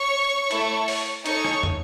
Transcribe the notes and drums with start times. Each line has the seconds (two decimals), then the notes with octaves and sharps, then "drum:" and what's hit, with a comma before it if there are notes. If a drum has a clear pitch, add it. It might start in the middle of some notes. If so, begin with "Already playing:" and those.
Already playing: C#5 C#6
0.51 A3 E4 A4, drum: hi-hat
0.88 drum: open hi-hat
1.26 D#4 A4 C#5 C#6, drum: hi-hat
1.44 drum: rim click
1.63 drum: tom